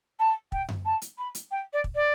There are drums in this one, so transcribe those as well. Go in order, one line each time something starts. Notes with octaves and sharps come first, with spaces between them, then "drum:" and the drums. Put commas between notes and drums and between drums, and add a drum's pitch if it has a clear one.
A5
G5, drum: kick
drum: tom F#2
A5
drum: hi-hat
B5
drum: hi-hat
G5
D5
drum: kick
D5